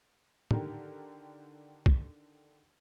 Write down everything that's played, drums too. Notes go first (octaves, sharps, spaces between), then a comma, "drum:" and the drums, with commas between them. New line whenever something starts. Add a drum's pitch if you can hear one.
D3 D#3 G4 A#4, drum: tom
drum: kick